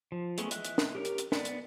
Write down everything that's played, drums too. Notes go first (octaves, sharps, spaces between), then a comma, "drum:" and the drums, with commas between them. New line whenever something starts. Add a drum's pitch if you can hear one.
F3
G#3 A3 B3 C#4, drum: hi-hat
E3 D#5 E5 F#6, drum: hi-hat
drum: hi-hat
drum: snare
G4 A#4 C#5
drum: hi-hat
drum: hi-hat
B3 D5, drum: snare
drum: hi-hat